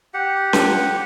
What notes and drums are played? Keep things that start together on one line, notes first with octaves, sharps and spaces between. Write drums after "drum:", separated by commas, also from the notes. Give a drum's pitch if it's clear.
G4 F#5
drum: snare C#4